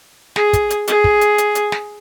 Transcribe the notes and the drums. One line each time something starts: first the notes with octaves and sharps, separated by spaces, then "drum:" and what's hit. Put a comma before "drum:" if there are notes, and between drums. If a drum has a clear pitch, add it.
G#4, drum: snare
drum: kick, hi-hat
drum: hi-hat
G#4, drum: hi-hat
drum: kick
drum: hi-hat
drum: hi-hat
drum: hi-hat
drum: snare